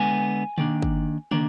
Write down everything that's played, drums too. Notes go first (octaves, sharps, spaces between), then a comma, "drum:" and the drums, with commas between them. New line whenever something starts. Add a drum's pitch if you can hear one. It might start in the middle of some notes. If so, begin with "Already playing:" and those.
Already playing: D3 G#3 B3 G#5
D#3 A#3 D4, drum: tom
drum: kick
D#3 A#3 D4, drum: tom